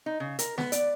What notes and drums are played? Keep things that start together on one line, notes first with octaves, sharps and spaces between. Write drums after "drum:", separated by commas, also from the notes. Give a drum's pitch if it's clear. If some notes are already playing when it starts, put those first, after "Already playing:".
D#4
C#3
A#4, drum: hi-hat
B3, drum: snare
D5, drum: hi-hat